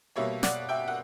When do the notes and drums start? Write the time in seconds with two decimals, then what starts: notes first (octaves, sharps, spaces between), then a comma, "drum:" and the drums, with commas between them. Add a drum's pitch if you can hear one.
0.16 B2 G3 A#3 C#5 E5
0.43 D5 F#5, drum: snare
0.69 E5 G5
0.88 F#5